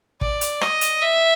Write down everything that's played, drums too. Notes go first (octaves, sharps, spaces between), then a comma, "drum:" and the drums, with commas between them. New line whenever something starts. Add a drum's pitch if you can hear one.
D5, drum: kick
drum: hi-hat
D#5, drum: rim click
drum: hi-hat
E5